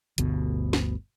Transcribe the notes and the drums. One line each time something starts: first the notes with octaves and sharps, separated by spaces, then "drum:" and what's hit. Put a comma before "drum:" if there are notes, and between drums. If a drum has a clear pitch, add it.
G1 D2 B2, drum: hi-hat
drum: snare